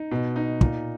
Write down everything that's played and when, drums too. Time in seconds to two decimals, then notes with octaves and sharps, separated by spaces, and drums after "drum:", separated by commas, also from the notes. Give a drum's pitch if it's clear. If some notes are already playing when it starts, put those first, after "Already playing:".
Already playing: D#4
0.11 B2
0.36 D#4
0.61 A#2, drum: kick